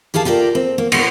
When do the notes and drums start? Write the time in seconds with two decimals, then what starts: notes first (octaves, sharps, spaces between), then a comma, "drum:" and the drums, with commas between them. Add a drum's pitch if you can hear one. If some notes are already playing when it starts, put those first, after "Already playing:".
0.14 G4 G#4 A#4 F5 A5
0.25 F4 G4 A4 A#4 D5
0.55 C4
0.78 A#3
0.92 B2 A#3, drum: cymbal